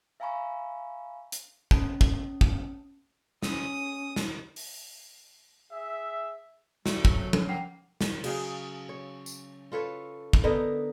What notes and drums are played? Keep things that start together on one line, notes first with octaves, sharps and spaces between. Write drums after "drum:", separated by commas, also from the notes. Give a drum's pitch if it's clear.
E5 F5 G#5 A#5 B5 C#6
drum: hi-hat
C#4 A5 D#6, drum: kick
drum: kick
drum: kick
C#4 D#6, drum: snare
drum: snare
drum: open hi-hat
G#4 E5
G3 A3 F#4, drum: snare
F#3, drum: kick
C#4, drum: tom
A#3 F#5 G5 C7
drum: snare
C#3 F#3 G#4 F5, drum: cymbal
C#5
drum: tambourine
F4 A4 B4 C#5
drum: kick
D3 B3 D#4 A#4